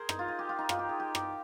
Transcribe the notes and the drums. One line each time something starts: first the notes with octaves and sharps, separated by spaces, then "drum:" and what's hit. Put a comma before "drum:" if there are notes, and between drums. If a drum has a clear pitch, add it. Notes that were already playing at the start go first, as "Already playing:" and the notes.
Already playing: G#4 A#4 C5
D#4, drum: rim click
F4
G#4
G4
F4
D#4
F4, drum: rim click
G4
G#4
G4
G4, drum: rim click